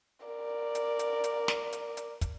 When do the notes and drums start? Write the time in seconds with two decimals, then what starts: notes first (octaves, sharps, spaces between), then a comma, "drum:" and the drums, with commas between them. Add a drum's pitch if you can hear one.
0.26 A#4 D5
0.75 drum: hi-hat
0.99 drum: hi-hat
1.24 drum: hi-hat
1.48 drum: snare
1.73 drum: hi-hat
1.97 drum: hi-hat
2.21 drum: kick, hi-hat